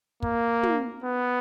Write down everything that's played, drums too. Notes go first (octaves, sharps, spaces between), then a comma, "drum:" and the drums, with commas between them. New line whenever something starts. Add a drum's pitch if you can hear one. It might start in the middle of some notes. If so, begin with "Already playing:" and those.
A#3, drum: kick
drum: tom
B3